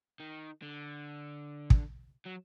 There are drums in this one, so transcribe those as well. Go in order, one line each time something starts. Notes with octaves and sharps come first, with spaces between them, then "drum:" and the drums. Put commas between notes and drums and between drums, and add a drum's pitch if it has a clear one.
D#3
D3
drum: kick
F#3